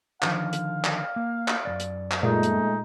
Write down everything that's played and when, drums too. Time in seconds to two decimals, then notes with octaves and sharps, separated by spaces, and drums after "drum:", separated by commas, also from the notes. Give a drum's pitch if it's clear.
0.22 D3 D#3 F3 F5, drum: clap
0.53 drum: hi-hat
0.85 drum: clap
1.16 A#3
1.48 drum: clap
1.65 F#2 D#3 D5
1.80 drum: hi-hat
2.11 drum: clap
2.23 A#2 G#3 A3 D#4
2.43 drum: hi-hat